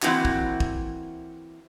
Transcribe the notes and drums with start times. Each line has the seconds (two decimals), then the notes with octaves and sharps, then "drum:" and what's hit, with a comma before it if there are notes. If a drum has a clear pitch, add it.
0.02 E3 A#3 C4 E4 F#4, drum: clap
0.25 drum: kick
0.60 drum: kick